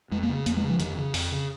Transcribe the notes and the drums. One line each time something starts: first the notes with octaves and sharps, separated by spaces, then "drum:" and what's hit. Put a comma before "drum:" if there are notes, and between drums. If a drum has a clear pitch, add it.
F2 G#3
A#3
C#3
F2 A#3, drum: hi-hat
G#3
C#3
F3
F2 D#3, drum: hi-hat
C#3
F2, drum: open hi-hat
C#3